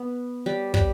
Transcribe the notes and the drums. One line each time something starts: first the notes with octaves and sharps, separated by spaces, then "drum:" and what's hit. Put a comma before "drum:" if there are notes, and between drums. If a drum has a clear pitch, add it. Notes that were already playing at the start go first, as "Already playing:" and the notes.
Already playing: B3
G3
G3, drum: kick